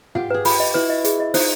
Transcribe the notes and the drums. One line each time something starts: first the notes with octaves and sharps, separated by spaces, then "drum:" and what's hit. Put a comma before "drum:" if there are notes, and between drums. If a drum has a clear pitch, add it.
F4 G4 F#5, drum: tom
G#4 B4
F4 G4 B5, drum: open hi-hat
D#5
E4 F#4 B4
D#5
G#4, drum: hi-hat
D#5
D#4 F4 C5, drum: open hi-hat